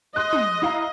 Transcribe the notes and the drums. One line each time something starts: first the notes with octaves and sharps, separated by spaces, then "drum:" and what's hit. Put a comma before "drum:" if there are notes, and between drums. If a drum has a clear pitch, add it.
D#5 C6 F#6
drum: tom
E4 F5 A#5